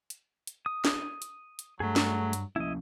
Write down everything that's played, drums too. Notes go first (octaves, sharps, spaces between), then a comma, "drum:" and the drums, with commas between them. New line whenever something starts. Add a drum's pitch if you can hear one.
drum: hi-hat
drum: hi-hat
D#6
drum: snare
drum: hi-hat
drum: hi-hat
G2 F#3 A3 G#4
drum: snare
drum: hi-hat
F3 A#3 C#4 E4 D#5